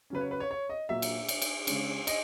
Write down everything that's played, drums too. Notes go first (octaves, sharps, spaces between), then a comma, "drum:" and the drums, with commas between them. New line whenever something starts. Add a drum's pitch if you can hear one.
C#3 F#3 C#4 B4
C#5
B4
C#5
C#5
D#5
A#2 F#3 A#3 E5
drum: cymbal
drum: cymbal
drum: cymbal
C#3 G#3 C#4, drum: cymbal
D#5, drum: cymbal